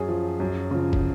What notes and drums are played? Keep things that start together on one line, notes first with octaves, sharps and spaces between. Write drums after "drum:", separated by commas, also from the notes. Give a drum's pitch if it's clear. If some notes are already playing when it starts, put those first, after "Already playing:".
Already playing: F#2 G#4
F3
F#2
C#3 F3
drum: kick